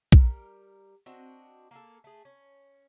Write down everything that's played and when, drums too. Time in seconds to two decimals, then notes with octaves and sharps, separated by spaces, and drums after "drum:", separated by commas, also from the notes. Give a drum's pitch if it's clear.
0.12 G3 A#4, drum: kick
1.06 C4 D4 F#4 D#5
1.71 A#3 G#4 A4
2.04 A3 G#4
2.25 C#4